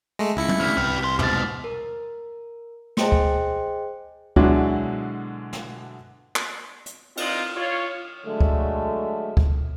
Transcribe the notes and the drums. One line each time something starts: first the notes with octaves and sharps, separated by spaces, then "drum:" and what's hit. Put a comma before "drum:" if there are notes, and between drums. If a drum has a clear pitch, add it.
G#3 A3 A#6
C#2 E4 C#7
drum: tom
D2 F6 B6
C2 G4 B4 F6
B4 C6
G#2 B2 D6 A6, drum: tom E2
A#4
G#4 C5 D#5 G5 C6 C#7, drum: snare
drum: kick
B2 D3 F#3 G#3 D4 E4, drum: kick
drum: snare
drum: clap
drum: hi-hat
C4 D#4 F4, drum: cymbal
F4 C#5
D3 F#3 G#3 A3
drum: kick
drum: kick